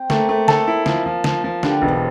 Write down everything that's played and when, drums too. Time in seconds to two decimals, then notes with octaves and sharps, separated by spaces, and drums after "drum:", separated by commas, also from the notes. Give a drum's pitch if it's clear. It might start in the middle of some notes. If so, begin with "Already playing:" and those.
Already playing: C4
0.10 A3 A#3, drum: snare
0.29 A3
0.48 A4, drum: snare
0.67 E4
0.86 F3, drum: snare
1.06 F3
1.24 F3, drum: snare
1.44 F3
1.63 D3 G3, drum: snare
1.82 E1
1.88 F3